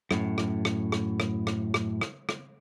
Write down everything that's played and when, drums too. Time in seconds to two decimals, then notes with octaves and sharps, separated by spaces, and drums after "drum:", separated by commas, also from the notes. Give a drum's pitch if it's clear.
0.11 F#2 A2, drum: rim click
0.38 drum: rim click
0.65 drum: rim click
0.92 drum: rim click
1.20 drum: rim click
1.47 drum: rim click
1.74 drum: rim click
2.01 drum: rim click
2.29 drum: rim click